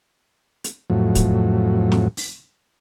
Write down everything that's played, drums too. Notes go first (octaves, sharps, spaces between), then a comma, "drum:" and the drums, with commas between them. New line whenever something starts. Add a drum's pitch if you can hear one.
drum: hi-hat
F2 A2 F#3
drum: kick, hi-hat
drum: snare
drum: open hi-hat